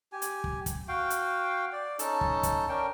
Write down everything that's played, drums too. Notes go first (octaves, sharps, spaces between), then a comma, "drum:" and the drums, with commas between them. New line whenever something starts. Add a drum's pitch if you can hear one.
G4 G#5
drum: hi-hat
drum: kick
drum: kick, hi-hat
F#4 F5 G5
drum: hi-hat
D5
C#4 D#4 A4 A5, drum: hi-hat
drum: kick
drum: kick, hi-hat
C#4 D4 A#4 G5